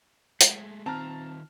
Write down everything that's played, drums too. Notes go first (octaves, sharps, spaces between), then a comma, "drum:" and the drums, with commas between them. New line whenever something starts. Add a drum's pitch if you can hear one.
G#3 A3, drum: hi-hat
D#3 C4 F4 A5 A#5 F6